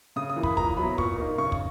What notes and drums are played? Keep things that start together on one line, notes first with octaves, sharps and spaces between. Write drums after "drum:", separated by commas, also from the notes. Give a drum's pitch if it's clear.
C#3 D#6
D#6
E3 A#3 E4
B5, drum: kick
A#2 A#5, drum: kick
F#3 B3 E4 B5
A#2 C#6, drum: kick
A#3 D#4
C#3 C#6
drum: kick